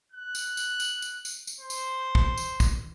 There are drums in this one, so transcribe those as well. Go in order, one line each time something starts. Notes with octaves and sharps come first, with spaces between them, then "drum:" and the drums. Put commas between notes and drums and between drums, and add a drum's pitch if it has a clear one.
F#6
drum: tambourine
drum: tambourine
drum: tambourine
drum: tambourine
drum: tambourine
drum: tambourine
C5
drum: tambourine
drum: kick
drum: tambourine
drum: kick, tambourine